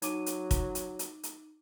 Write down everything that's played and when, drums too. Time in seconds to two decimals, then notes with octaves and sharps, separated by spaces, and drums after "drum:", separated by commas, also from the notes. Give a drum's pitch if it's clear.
0.02 F#3 D#4 D6 D#7, drum: hi-hat
0.26 drum: hi-hat
0.51 drum: kick, hi-hat
0.75 drum: hi-hat
0.99 drum: hi-hat
1.23 drum: hi-hat